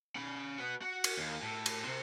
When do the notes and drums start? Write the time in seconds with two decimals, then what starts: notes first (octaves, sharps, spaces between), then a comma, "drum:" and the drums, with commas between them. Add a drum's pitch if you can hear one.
0.16 C#4 B5
0.58 F#4 B4
0.81 F#4
1.04 drum: cymbal
1.18 D#2
1.42 A2
1.66 drum: cymbal
1.84 C3 C4